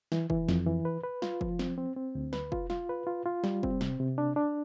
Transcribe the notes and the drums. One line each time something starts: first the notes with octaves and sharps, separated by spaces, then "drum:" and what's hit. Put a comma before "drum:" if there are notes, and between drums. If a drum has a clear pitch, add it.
E3, drum: snare
E3, drum: kick
F2, drum: snare
E3
B4
B4
F4, drum: snare
F3, drum: kick
C4, drum: snare
C4
C4
D2
B4, drum: snare
F4, drum: kick
F4, drum: snare
B4
F4
F4
G3, drum: snare
C4, drum: kick
C3, drum: snare
C3
D4
D4